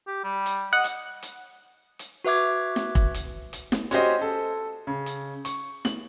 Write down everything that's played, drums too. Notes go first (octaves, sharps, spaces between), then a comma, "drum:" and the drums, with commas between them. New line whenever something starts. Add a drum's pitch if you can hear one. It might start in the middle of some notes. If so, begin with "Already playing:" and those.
G4
G3
drum: hi-hat
D#5 F#5
drum: hi-hat
drum: hi-hat
drum: hi-hat
F#4 B4 E5 D6 G#6
drum: snare
drum: kick
drum: hi-hat
drum: hi-hat
drum: snare
C#4 F#4 G4 C5 D#5, drum: hi-hat
A4
C#3
drum: hi-hat
C#6, drum: hi-hat
F#7, drum: snare